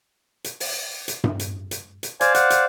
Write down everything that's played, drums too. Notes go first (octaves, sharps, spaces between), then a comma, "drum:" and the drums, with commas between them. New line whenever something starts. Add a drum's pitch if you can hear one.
drum: hi-hat
drum: open hi-hat
drum: hi-hat
drum: tom G2
drum: hi-hat
drum: hi-hat
drum: hi-hat
C5 D5 F5 G#5, drum: hi-hat
F#5, drum: hi-hat
drum: hi-hat